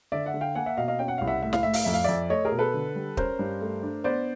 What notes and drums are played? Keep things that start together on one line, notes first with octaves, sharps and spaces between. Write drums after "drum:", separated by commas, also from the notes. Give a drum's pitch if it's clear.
D3 D5 E5
E5 F#5
D3
F5 G5
A#3 F#5 G#5
E5 F#5
B2 D#5 F5
D#5 F5
C#4 G5
F#5
C2 F5
E5 F#5
A2 E5
F5, drum: snare
A2 E5
F5, drum: open hi-hat
F2 E5
F5
F2 D5 E5
A3 C#5 D#5
G#4 A#4
B2
A4 B4
D3
G3
C#4 A#4 C5, drum: kick
G2
A3
D4
B3 C5 D5